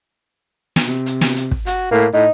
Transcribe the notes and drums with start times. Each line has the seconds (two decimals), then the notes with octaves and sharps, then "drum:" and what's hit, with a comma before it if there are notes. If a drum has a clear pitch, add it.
0.76 drum: snare
0.85 C3
1.06 drum: hi-hat
1.21 drum: snare
1.36 drum: hi-hat
1.51 drum: kick
1.66 F#4, drum: hi-hat
1.91 A2 A#3
2.14 A2 D#4